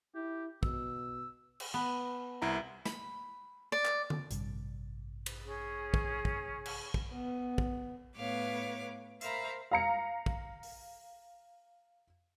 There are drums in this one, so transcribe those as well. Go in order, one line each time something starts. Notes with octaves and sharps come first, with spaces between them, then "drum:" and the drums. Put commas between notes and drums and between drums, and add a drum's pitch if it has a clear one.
E4 G4
B2 E6, drum: kick
drum: cymbal
B3
C2 E4 A#5
B5, drum: snare
D5
drum: clap
drum: tom D3
A1 G2 C3, drum: hi-hat
drum: cymbal
C#4 G#4
drum: kick
drum: kick
drum: cymbal
drum: kick
B3
drum: kick
A2 B3 B4 C#5 F5 D6
A#4 C5 E5 F5 A#5 B5, drum: hi-hat
F5 A#5 C#7
drum: kick
drum: open hi-hat